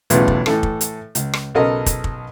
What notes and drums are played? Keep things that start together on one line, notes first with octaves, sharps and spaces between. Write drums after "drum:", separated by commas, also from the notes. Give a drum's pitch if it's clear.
B1 E2 A2 C#3 A3 F4, drum: hi-hat
drum: kick
A2 E3 A4, drum: rim click
drum: kick
drum: hi-hat
C#2, drum: hi-hat
drum: rim click
B1 C#3 A4 A#4 D#5
drum: kick, hi-hat
drum: kick